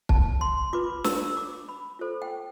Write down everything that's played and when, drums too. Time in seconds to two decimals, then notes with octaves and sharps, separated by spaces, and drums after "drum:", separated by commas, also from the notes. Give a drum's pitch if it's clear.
0.09 A5, drum: kick
0.41 C6
0.73 F4 B4 D6
1.04 E6, drum: snare
1.37 D6
1.69 B5
1.99 F4 A4 C5
2.22 G5